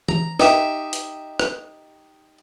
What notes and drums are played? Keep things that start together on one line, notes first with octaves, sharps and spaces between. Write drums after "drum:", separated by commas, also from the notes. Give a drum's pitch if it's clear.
A#5, drum: tom E3
D#4 G4 E5, drum: snare
drum: hi-hat
drum: rim click